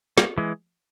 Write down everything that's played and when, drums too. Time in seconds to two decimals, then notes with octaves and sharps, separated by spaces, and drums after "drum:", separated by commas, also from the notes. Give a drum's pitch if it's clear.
0.18 G3 A#3, drum: snare
0.38 E3 G#3